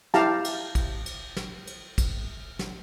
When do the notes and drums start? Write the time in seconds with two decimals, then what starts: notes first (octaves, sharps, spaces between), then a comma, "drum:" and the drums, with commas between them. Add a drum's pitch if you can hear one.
0.14 E4 G4 F5 A5 A#5, drum: snare
0.44 drum: cymbal
0.75 drum: kick, cymbal
1.06 drum: cymbal
1.37 drum: snare
1.67 drum: cymbal
1.98 drum: kick, cymbal
2.59 drum: snare